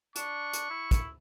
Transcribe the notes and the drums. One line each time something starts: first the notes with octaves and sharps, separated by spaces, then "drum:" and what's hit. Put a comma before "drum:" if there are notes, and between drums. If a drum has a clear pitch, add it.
D4 C#6, drum: hi-hat
drum: hi-hat
E4
drum: kick, hi-hat